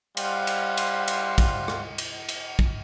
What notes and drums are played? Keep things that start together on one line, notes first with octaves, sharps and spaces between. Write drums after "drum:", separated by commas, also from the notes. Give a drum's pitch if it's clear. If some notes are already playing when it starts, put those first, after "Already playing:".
G3 C5 F5 F#5 C6, drum: cymbal
drum: cymbal
drum: cymbal
drum: cymbal
drum: kick, cymbal
drum: rim click
drum: cymbal
drum: cymbal
drum: kick